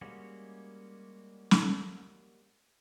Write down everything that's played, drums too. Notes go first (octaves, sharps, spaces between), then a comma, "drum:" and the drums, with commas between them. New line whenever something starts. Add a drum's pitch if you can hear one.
G3 G#3 A#3 C#4 F#4
drum: snare